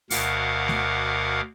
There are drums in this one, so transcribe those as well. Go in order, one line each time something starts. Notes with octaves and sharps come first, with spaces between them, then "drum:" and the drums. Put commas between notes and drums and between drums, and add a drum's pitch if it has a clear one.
D2 B2 A#4 F5 F#5 D6, drum: open hi-hat
drum: snare